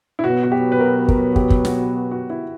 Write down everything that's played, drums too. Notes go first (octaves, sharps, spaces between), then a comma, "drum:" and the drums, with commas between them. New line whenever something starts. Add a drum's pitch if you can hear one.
E4
B2 F#3 B3 F#4
F#4
G4
B4
A#4
A#4, drum: kick
G4, drum: kick
drum: kick
F#4, drum: snare
F#4
E4